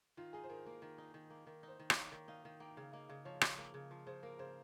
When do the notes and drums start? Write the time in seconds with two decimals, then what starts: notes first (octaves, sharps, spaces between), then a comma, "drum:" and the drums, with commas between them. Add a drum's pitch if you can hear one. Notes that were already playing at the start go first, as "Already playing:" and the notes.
0.17 D#3 F4
0.33 D#4 G#4
0.44 C5
0.50 D#3 A#4
0.65 A#3 A#4
0.82 D#3 A#4
0.98 D#4
1.14 D#3
1.30 A#3
1.47 D#3 A#4
1.63 D#4
1.68 C5
1.79 D#3
1.90 C#5, drum: rim click
1.96 A#3
2.12 D#3
2.28 D#4 F5
2.45 D#3 F5
2.60 A#3 G5
2.77 C#3 F5
2.93 A#3 D#5
3.09 C#3 D#5
3.25 F3 C#5
3.41 C#3, drum: rim click
3.58 A#3
3.74 C#3
3.91 F3
4.07 C#3 C5
4.23 A#3 A#4
4.39 C#3 C5